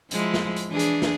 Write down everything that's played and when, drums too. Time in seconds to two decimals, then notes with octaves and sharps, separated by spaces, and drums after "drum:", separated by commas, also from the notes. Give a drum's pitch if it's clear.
0.11 F3 G#3 E4, drum: hi-hat
0.34 drum: snare
0.56 drum: hi-hat
0.70 E3 D4 G#4
0.79 drum: hi-hat
1.02 drum: snare